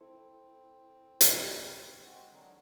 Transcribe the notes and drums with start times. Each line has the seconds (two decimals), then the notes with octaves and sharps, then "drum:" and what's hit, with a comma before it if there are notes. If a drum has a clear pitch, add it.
0.01 C4 E4 A4 C5
1.21 drum: hi-hat
2.04 G#3 C4 F#4
2.32 D3 D#3 F#3